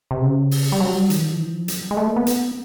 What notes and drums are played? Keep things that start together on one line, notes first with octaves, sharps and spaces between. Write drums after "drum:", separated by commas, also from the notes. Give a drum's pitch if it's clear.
C3
C#3
drum: open hi-hat
G3
F#3
G3
D#3, drum: hi-hat
E3
D#3
F3
E3
F3
F#3, drum: hi-hat
G#3
A3
A#3
B3
drum: hi-hat